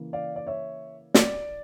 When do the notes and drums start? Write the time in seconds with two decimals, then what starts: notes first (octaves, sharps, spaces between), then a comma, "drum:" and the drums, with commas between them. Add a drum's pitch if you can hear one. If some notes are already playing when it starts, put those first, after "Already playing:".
Already playing: C#3 E3 A#3
0.13 D5 F5
0.36 D5
0.47 C#5 E5
1.14 D5, drum: snare